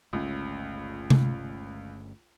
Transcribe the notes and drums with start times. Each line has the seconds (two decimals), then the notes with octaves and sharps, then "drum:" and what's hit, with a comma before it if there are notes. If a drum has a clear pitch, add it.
0.13 G1 C#2 A3 C#4
1.10 drum: tom C3